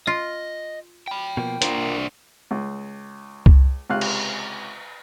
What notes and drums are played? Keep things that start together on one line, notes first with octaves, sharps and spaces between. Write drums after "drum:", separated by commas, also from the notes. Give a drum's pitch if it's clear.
F4 D#5
G5 B5
B2 F3 A#3
A#3 D4 F4 A#4 C5, drum: hi-hat
C#2
drum: kick C2
C#2 C3 F5 F#6
drum: cymbal